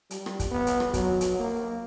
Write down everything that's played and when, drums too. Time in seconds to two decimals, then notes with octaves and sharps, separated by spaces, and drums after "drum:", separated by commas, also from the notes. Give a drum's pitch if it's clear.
0.11 G3, drum: hi-hat
0.26 drum: rim click
0.40 drum: kick, hi-hat
0.51 B3
0.67 drum: hi-hat
0.80 drum: rim click
0.94 F#3, drum: kick, hi-hat
1.21 drum: hi-hat
1.39 A#3